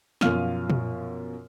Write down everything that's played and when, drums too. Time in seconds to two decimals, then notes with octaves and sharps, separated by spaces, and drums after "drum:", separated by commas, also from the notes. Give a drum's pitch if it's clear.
0.21 F#2 B2 F3 F5 F6 D#7, drum: snare
0.70 drum: tom A#2